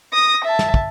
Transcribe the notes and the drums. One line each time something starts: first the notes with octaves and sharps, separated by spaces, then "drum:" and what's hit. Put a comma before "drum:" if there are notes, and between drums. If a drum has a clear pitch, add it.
D#6 A#6
E5 A5
drum: snare
drum: kick